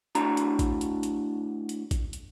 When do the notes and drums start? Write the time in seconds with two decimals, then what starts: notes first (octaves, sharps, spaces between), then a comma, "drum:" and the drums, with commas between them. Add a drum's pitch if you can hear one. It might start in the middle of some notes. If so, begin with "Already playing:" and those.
0.15 A2 D4 F#4 A#5, drum: hi-hat
0.37 drum: hi-hat
0.59 drum: kick, hi-hat
0.81 drum: hi-hat
1.03 drum: hi-hat
1.69 drum: hi-hat
1.91 drum: kick, hi-hat
2.13 drum: hi-hat